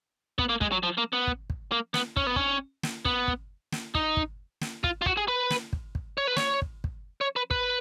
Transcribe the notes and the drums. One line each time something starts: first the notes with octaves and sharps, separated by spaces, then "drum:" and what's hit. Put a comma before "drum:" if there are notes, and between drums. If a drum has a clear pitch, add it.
B3, drum: kick
A#3
G#3, drum: kick
F#3
F3
A#3
B3
drum: kick
drum: kick
A#3
B3, drum: snare
C#4, drum: kick
B3
C#4, drum: kick
drum: snare
B3, drum: kick
drum: kick
drum: snare
D#4, drum: kick
drum: kick
drum: snare
F4, drum: kick
F4
F#4, drum: kick
G#4
B4
drum: snare
drum: kick
drum: kick
C#5
B4
C#5, drum: snare
drum: kick
drum: kick
C#5
B4
B4, drum: kick